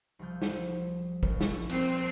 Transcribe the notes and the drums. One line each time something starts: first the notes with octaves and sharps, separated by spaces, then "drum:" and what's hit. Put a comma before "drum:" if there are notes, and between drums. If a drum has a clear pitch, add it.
C2 F3 G6
drum: snare
A#1, drum: kick
drum: snare
C4, drum: cymbal